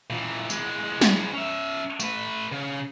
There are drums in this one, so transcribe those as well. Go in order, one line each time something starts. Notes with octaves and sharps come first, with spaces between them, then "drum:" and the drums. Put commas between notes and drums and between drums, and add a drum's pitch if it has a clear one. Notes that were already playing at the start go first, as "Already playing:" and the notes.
A#2 E3
E3 G#3, drum: tambourine
drum: snare
C#4 E5
A3 B4, drum: tambourine
C#3